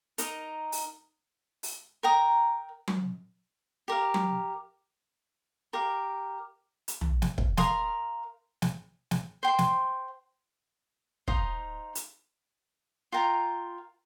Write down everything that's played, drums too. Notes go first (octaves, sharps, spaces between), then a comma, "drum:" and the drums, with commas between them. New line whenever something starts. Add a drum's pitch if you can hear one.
D#4 A#4 D#5, drum: hi-hat
drum: open hi-hat
drum: open hi-hat
A#4 G5 A#5 D#6
drum: tom F#3
G4 A#4 F5
drum: tom F#3
G4 A#4 F5
drum: hi-hat
drum: tom
drum: snare
drum: kick
A#4 F5 C6 D#6, drum: snare
drum: snare
drum: snare
C5 G5 C6
drum: snare
D#4 C5 F5 D#6, drum: kick
drum: hi-hat
F4 A#4 G5 A#5